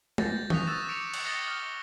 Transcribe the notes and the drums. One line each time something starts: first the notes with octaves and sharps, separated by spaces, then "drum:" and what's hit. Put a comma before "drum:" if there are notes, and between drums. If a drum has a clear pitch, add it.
G6 A6 A#6, drum: tom
C#6 D#6 F#6 B6 F7, drum: tom D#3
C#6 E6 F#6 A6 E7
D6 B6 C#7 D7 E7 F7
drum: cymbal
D#6 A6 A#6 C#7 F#7 G7
F6